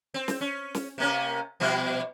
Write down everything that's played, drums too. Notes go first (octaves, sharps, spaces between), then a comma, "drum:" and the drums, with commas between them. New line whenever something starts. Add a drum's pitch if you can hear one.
C4
drum: snare
C#4
drum: snare
C3 A#3 C#4
B2 F3 G3